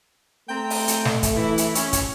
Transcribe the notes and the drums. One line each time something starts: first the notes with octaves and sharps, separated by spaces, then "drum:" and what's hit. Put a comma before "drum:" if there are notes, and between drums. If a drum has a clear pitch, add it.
A3 C4 G5 A#5
drum: open hi-hat
drum: hi-hat
drum: snare
drum: kick, hi-hat
E3 E4
drum: hi-hat
C#4, drum: hi-hat
drum: kick, hi-hat